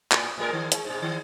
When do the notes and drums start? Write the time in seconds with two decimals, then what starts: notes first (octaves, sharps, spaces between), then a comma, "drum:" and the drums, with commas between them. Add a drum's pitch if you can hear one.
0.12 A2, drum: clap
0.38 A2 G#3 A#4
0.53 D#3
0.72 G#3, drum: hi-hat
0.85 G#2 B2
1.02 D#3